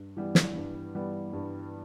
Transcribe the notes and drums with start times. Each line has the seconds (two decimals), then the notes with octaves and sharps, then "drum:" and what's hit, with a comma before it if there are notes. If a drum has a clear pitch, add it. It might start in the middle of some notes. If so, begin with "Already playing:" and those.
Already playing: G2
0.17 E3 G3 B3
0.35 drum: snare
0.56 G2
0.95 E3 G3 B3
1.33 G2